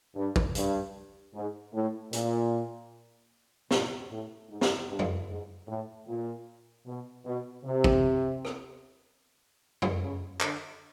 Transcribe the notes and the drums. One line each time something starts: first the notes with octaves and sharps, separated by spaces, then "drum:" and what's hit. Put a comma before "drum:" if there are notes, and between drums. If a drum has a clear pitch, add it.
G2
drum: kick
G2, drum: hi-hat
G#2
A2
A#2, drum: hi-hat
A#2, drum: snare
A2
G#2
drum: snare
G2
drum: tom F2
G#2
A2
A#2
B2
B2
C3
drum: kick
drum: rim click
drum: tom F2
C#3
D3, drum: clap